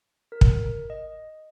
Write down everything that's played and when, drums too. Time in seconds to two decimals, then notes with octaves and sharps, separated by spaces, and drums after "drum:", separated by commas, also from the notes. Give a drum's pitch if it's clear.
0.32 A#4
0.41 drum: kick
0.90 D#5